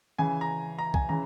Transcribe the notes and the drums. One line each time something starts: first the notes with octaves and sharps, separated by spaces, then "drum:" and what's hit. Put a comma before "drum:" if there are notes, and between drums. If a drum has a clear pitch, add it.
C#3 E3 G#5
A#5
A#5
G#5, drum: kick C2
C#3 E3 A#5